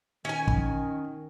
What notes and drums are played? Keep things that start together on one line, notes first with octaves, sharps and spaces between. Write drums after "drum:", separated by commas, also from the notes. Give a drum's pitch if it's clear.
D#3 C#4 G#5
drum: kick